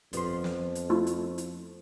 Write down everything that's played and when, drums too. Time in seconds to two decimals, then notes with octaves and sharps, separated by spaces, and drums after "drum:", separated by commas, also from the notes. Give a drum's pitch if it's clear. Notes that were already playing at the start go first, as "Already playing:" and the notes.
0.13 G1 F2 F3 B3 C6, drum: hi-hat
0.44 drum: snare
0.75 drum: hi-hat
0.90 A3 E4 F4
1.07 drum: hi-hat
1.38 drum: hi-hat